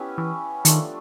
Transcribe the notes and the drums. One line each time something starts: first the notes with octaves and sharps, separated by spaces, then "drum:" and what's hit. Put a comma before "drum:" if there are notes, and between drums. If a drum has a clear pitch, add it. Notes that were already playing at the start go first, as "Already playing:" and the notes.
Already playing: B3 C#4 E4 G4 B4
E3
D#3 F3 A3 D4, drum: hi-hat